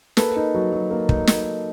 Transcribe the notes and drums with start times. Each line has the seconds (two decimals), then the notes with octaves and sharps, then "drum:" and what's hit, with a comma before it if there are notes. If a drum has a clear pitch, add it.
0.17 A#3 A4 B4, drum: snare
0.36 D#4
0.54 F#3
0.72 F#3
0.91 A#3
1.09 D#4, drum: kick
1.27 drum: snare